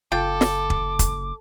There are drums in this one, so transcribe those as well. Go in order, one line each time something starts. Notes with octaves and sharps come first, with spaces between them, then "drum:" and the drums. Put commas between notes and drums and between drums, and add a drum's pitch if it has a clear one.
F#1 F4 A4 G5 D6
drum: snare
drum: kick
drum: kick, hi-hat